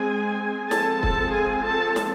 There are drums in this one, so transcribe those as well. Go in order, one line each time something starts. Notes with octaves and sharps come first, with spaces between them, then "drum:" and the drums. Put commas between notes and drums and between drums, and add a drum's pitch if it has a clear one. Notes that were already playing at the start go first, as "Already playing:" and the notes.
Already playing: G#3 C4 G#4 G#5
F3 G#3 C4 A4 A5, drum: snare
A4 A5, drum: kick
G#4 G#5
A4 A5
drum: snare